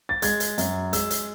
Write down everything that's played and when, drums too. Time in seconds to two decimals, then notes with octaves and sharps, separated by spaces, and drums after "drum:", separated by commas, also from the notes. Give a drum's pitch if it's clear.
0.09 A6
0.22 G#3 G#6, drum: hi-hat
0.40 drum: hi-hat
0.58 F#2, drum: hi-hat
0.93 G#3 E6, drum: hi-hat
1.10 drum: hi-hat